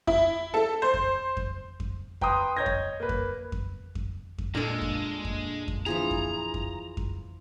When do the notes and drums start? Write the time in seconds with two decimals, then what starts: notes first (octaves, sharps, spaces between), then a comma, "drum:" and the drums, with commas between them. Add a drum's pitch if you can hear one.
0.07 E4, drum: kick F2
0.54 A4
0.82 C5
0.94 drum: kick F2
1.37 drum: kick F2
1.80 drum: kick F2
2.21 B4 G5 A#5 C6 D#6, drum: kick F2
2.57 C#5 D#5 G6 G#6 A#6
2.66 drum: kick F2
3.00 A#3 B4
3.09 drum: kick F2
3.52 drum: kick F2
3.95 drum: kick F2
4.38 drum: kick F2
4.55 A#2 G#3 A#3 D4 A4 A#4
4.82 drum: kick F2
5.25 drum: kick F2
5.68 drum: kick F2
5.86 E3 F3 G#4 A#5
6.11 drum: kick F2
6.54 drum: kick F2
6.97 drum: kick F2